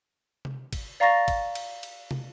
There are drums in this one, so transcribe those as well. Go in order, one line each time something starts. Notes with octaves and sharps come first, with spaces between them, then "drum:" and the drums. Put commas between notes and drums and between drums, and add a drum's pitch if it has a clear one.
drum: tom C3
drum: kick G#1, cymbal
D5 F5 A#5 C#6 A6 A#6
drum: kick G#1, cymbal
drum: cymbal
drum: cymbal
drum: tom